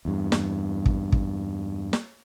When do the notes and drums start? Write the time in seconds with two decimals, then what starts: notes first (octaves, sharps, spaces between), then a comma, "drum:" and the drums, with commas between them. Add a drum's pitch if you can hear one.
0.05 E2 G2
0.32 drum: snare
0.86 drum: kick
1.12 drum: kick
1.93 drum: snare